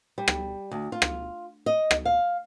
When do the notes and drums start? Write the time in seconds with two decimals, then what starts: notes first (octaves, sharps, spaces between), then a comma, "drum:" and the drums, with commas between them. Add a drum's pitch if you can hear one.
0.18 G3
0.28 drum: rim click
0.71 D2
0.92 F4
1.02 drum: rim click
1.66 D#5
1.91 drum: rim click
2.05 F5